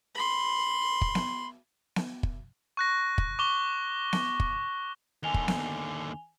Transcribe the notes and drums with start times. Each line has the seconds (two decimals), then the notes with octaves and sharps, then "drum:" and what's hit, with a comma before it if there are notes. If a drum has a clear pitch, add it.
0.15 B5 C6
1.01 drum: kick
1.15 drum: snare B3
1.96 drum: snare B3
2.23 drum: kick
2.77 C#6 F#6 A#6
3.18 drum: kick
3.39 C#6 D6 G7
4.13 drum: snare B3
4.40 drum: kick
5.23 D#2 D3 G#5 F7 G7
5.34 drum: kick
5.48 drum: snare B3